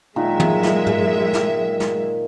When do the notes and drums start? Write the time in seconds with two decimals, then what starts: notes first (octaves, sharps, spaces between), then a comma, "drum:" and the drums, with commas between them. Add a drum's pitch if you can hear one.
0.16 A#2 D#3 F#3 G#3 E5
0.40 drum: tom
0.63 drum: snare
0.86 drum: tom
1.33 drum: snare
1.80 drum: snare